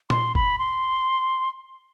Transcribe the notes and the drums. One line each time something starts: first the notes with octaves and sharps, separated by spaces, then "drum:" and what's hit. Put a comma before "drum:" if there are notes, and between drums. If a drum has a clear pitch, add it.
C6, drum: tom A#2
B5, drum: kick G1
C6